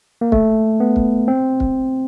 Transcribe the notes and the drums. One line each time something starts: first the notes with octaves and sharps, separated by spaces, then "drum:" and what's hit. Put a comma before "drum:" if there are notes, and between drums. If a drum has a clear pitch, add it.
A#3
A3, drum: kick
B3
drum: kick
C4
drum: kick